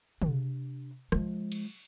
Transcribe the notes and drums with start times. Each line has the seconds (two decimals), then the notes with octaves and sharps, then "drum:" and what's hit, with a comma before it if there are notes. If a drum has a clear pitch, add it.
0.22 C3 D4, drum: tom C#3
1.12 F3 G#3, drum: rim click
1.52 drum: cymbal